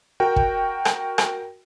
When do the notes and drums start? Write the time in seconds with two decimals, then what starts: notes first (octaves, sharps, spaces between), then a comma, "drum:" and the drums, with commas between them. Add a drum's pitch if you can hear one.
0.20 F#4 A#4 G5
0.36 drum: kick
0.85 drum: rim click
1.18 drum: rim click